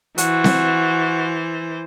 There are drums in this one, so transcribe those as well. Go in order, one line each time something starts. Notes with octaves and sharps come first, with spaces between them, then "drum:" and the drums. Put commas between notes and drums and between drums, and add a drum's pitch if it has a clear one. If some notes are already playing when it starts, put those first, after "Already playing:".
E3 F#4 C5, drum: hi-hat
drum: snare C4